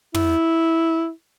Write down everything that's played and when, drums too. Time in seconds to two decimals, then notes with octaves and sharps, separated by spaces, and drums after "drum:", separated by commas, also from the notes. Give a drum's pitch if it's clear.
0.14 E4, drum: tom